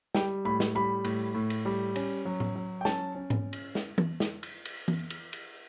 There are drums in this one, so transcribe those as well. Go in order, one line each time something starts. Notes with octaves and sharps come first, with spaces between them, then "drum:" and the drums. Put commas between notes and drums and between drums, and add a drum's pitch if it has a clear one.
G3 G5, drum: snare
A2 B5
drum: snare
G3 B5
A2, drum: cymbal
A2
drum: cymbal
G3
C#4, drum: cymbal
F#3
drum: tom A2
F#3
G5
C#4 A5, drum: snare
C#4
drum: tom G#2
drum: cymbal
drum: snare
drum: tom E3
drum: snare
drum: cymbal
drum: cymbal
drum: tom E3
drum: cymbal
drum: cymbal